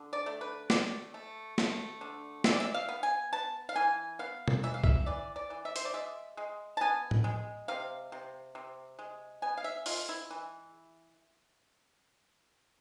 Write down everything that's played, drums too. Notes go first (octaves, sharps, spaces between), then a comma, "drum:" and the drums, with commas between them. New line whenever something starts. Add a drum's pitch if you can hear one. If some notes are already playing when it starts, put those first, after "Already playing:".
Already playing: D3
D5
A3
B4
A3 D5, drum: snare
A3
A3, drum: snare
D3
E3 E5, drum: snare
D5
E5
F5
B3
G#5
B3 A5
F5
E3 G#5
B3 F5
drum: tom B2
E3 E5
F5
E5, drum: kick B1
E3 D5
D5
E3
E5
C5, drum: hi-hat
D5
G#3 E5
G#3
A5
B3 G#5
drum: tom A2
G#3
C3 F5
C3
C3
G#3
B3 G#5
F5
E5
G#3 F4, drum: open hi-hat
E4
E3